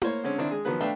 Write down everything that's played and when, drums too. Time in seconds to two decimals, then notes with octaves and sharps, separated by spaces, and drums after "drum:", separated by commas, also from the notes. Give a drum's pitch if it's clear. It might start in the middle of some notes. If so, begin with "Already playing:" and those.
0.02 A#3 C5 C#5, drum: tom E4
0.24 D3 G#3 C4 C#4
0.38 D3 D#3 C4 D4 E4
0.51 G#3 G#4
0.65 D#3 F3 F#3 B3 B4
0.81 A3 D4 B4 E5 F5 G5